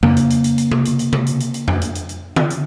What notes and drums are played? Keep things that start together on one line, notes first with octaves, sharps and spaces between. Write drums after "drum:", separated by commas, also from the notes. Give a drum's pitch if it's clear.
C#3 A#3, drum: tom F2
drum: hi-hat
drum: hi-hat
drum: hi-hat
drum: hi-hat
drum: tom C3
drum: hi-hat
drum: hi-hat
drum: tom C3
drum: hi-hat
drum: hi-hat
drum: hi-hat
drum: tom F2
drum: hi-hat
drum: hi-hat
drum: hi-hat
drum: tom D3
drum: hi-hat